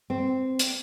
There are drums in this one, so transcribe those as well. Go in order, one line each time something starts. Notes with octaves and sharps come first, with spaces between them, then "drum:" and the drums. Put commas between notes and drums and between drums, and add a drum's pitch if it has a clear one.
C4
drum: hi-hat